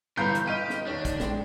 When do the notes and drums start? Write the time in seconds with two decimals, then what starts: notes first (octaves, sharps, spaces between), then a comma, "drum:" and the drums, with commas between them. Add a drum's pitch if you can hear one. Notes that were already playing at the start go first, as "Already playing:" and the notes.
0.17 G1 E3 B4 C#5 F5 A#5 G6
0.35 drum: hi-hat
0.47 G4 D#5 F6 D#7
0.70 drum: snare
0.87 D#2 D4 C#5
1.05 drum: kick, hi-hat
1.20 G#3 G5, drum: snare